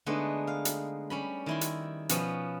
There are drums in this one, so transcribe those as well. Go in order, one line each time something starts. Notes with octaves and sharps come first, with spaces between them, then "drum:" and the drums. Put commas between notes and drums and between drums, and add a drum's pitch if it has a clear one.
D3 G#3 A3 B3 D#4
F5
drum: hi-hat
G3 C#4 B5
D#3 E4 C6
drum: hi-hat
B2 F3 B3 C#4, drum: hi-hat